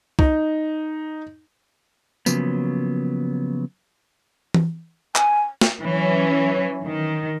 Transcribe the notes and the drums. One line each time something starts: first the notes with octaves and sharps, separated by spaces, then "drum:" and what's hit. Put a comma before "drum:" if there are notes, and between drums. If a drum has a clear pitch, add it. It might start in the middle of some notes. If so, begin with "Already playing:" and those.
D#4, drum: kick C2
C#3 F3 F#3 A#3 B3, drum: tambourine
drum: tom E3
G#5, drum: clap
drum: snare
E3 F#3 C#4
D#3